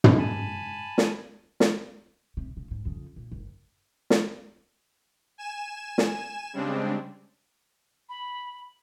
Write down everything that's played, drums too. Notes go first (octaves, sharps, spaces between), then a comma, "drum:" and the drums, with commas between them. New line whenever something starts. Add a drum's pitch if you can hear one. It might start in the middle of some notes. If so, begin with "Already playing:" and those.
drum: tom
G#5 A5 B5
drum: snare
drum: snare
C3
C#3
G#2
F2 C#3
A#2
F#1
drum: snare
G#5 E7
drum: snare
C#3 G3 G#3 C4 D4
B5